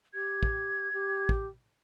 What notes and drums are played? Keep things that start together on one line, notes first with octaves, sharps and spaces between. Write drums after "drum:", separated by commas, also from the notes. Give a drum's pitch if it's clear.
G4 G#6
drum: kick
G4
drum: kick